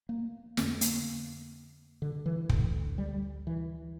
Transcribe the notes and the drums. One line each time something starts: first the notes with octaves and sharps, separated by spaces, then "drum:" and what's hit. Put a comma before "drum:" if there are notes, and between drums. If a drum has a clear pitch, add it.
A#3
F2 D3 C#4, drum: snare
A#3, drum: hi-hat
D3
E3
D2 D3, drum: kick
G3
E3